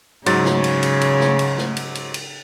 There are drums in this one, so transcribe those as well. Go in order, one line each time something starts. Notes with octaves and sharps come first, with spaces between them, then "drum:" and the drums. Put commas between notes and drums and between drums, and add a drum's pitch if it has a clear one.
G#2 C#3 F#3 C#5 A6, drum: cymbal
drum: snare
drum: cymbal
drum: cymbal
drum: cymbal
drum: snare
drum: cymbal
drum: snare
drum: cymbal
drum: cymbal
drum: cymbal